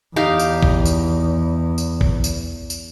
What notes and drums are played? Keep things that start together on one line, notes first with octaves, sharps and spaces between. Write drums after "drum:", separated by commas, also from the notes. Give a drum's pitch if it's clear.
E2 D#4 G4 F5
drum: tambourine
drum: kick A1
drum: tambourine
drum: tambourine
drum: kick A1
drum: tambourine
drum: tambourine